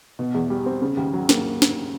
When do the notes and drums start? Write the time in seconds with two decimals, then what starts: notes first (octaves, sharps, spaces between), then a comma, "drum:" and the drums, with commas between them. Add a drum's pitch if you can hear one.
0.19 B2
0.34 E2
0.50 G3
0.66 C4
0.82 C#3
0.97 D#2
1.13 F#3
1.29 A#3, drum: snare
1.62 drum: snare